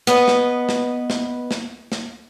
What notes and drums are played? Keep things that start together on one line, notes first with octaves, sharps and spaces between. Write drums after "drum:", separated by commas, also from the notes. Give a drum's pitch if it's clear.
B3 B4 D#5
drum: snare
drum: snare
drum: snare
drum: snare
drum: snare